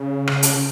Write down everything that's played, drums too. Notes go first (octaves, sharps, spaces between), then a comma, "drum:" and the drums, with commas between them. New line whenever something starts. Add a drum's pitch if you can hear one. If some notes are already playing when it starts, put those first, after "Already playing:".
Already playing: C#3
drum: rim click
drum: hi-hat